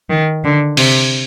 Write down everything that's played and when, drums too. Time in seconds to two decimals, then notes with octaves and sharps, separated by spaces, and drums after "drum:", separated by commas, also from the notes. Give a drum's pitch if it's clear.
0.10 D#3
0.44 D3
0.77 C3, drum: open hi-hat